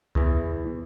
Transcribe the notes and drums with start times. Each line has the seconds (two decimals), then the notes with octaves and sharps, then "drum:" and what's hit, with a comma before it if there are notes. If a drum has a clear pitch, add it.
0.15 E2 E3, drum: kick C#2